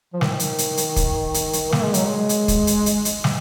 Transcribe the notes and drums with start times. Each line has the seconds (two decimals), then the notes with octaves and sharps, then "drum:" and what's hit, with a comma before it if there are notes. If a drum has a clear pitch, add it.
0.13 F3
0.21 D#3, drum: snare
0.39 drum: hi-hat
0.58 drum: hi-hat
0.77 drum: hi-hat
0.96 drum: kick, hi-hat
1.34 drum: hi-hat
1.53 drum: hi-hat
1.72 A#3, drum: snare
1.83 G#3
1.94 F#3, drum: hi-hat
2.05 G#3
2.29 drum: hi-hat
2.48 drum: kick, hi-hat
2.67 drum: hi-hat
2.86 drum: hi-hat
3.05 drum: hi-hat
3.24 drum: snare